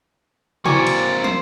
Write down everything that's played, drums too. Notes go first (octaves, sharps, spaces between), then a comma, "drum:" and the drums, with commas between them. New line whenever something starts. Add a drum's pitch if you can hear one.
A#3 C4 E4 F#4 D5 G#5 C#6, drum: tom
drum: cymbal
C5, drum: tom